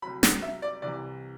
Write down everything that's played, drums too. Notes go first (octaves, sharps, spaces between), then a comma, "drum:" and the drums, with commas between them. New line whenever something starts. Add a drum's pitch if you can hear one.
C2 C3 F#3 B5
F#5, drum: snare
E5
D5
C2 C3 E3 D5